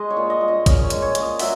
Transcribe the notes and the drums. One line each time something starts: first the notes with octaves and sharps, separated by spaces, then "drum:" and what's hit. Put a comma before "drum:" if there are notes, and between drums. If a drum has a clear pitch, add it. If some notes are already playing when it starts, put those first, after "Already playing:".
Already playing: G#3 D#5
C#5
A#2
D#5
A#2
D#5
C#4 D#5, drum: kick, hi-hat
C#5
G#3, drum: hi-hat
C#5
A#2, drum: hi-hat
D#5
F#3 E5, drum: open hi-hat